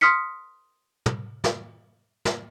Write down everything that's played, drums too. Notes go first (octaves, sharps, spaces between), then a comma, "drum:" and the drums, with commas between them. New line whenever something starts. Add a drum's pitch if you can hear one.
C6 D#6 F6 B6 C#7
drum: tom
drum: snare
drum: snare